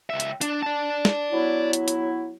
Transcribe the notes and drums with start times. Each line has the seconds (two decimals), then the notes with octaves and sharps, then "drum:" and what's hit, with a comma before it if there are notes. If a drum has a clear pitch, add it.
0.10 C#2 E5
0.20 drum: hi-hat
0.41 D4, drum: hi-hat
0.63 D5 A5
1.05 drum: snare
1.31 F#3 B3 E4
1.73 drum: hi-hat
1.88 drum: hi-hat